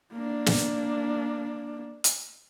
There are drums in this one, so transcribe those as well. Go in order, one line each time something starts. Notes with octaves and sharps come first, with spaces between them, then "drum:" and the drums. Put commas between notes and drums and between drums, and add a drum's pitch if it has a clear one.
A#3 D4
drum: snare
drum: hi-hat